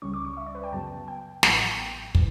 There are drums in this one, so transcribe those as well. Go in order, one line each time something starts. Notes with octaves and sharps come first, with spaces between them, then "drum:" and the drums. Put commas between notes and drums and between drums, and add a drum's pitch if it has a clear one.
C#2 C#3 G3 C#4 C#6
D6
C#6
E5
D5
B4
G5
F#2 C#3 F#3 B3 A5
G5
A1 A2 F#3 B3, drum: snare
G5
E3, drum: kick